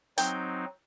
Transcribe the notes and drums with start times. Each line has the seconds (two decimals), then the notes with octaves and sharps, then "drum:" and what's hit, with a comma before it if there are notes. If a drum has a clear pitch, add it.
0.18 F#3 C4 D#4 G5, drum: hi-hat